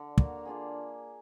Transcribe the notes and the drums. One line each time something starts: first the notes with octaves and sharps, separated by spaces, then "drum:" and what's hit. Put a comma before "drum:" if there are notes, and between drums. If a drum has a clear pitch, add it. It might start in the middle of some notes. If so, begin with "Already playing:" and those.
Already playing: D3 D5
A#3 D4 F#4 A#4, drum: kick
A#3 D4 F4 G#4